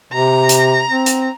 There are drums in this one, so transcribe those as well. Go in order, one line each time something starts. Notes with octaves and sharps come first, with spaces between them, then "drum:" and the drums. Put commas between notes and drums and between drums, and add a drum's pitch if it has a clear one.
C3 A#5
drum: hi-hat
C4
drum: hi-hat